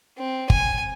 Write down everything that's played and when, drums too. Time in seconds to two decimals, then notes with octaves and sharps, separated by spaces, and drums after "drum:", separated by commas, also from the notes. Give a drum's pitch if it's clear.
0.18 C4
0.50 G#5, drum: kick G1